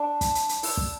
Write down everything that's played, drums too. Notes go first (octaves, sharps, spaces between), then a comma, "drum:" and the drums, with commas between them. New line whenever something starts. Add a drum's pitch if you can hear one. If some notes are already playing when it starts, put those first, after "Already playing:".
Already playing: D4
drum: kick, hi-hat
drum: hi-hat
drum: hi-hat
E4, drum: open hi-hat
drum: kick